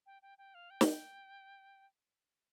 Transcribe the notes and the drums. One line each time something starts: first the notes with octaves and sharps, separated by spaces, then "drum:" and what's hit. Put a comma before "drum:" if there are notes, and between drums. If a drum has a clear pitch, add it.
G5
G5
G5
F5
G5
drum: snare